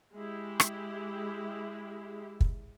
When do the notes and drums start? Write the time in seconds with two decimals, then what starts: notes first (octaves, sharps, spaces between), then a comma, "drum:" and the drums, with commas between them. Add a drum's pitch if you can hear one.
0.14 G#3 E4 G4
0.60 drum: rim click
2.41 drum: kick